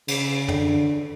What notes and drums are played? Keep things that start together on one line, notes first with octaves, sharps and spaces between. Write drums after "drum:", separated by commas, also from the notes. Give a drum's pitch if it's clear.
C#3, drum: cymbal
D3, drum: tom